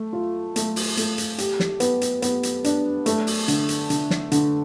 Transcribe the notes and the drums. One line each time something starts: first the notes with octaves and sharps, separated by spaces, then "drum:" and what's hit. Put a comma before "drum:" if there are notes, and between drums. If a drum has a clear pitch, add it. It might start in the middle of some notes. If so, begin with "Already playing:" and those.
Already playing: A3
F4
A3, drum: hi-hat
drum: open hi-hat
A3, drum: hi-hat
drum: hi-hat
G4, drum: hi-hat
drum: snare
B3, drum: hi-hat
drum: hi-hat
B3, drum: hi-hat
drum: hi-hat
D4, drum: hi-hat
A3, drum: hi-hat
drum: open hi-hat
D3, drum: hi-hat
drum: hi-hat
D3, drum: hi-hat
drum: snare
D3, drum: hi-hat